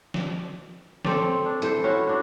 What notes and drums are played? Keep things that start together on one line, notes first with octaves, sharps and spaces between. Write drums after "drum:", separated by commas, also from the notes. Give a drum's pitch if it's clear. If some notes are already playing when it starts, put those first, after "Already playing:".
drum: snare
C4 A4 C#5 D5, drum: snare
D4
E3 A4 C5, drum: hi-hat
C#4 E4 F#4 C#5
D4 F#4